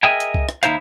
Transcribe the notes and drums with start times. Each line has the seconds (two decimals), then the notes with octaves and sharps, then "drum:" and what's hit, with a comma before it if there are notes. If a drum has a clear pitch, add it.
0.03 G#4 A#4 D#5 E5 G5 G#5
0.20 drum: hi-hat
0.34 drum: kick
0.49 drum: rim click
0.63 D#2 D#4 E4 C5 F5, drum: hi-hat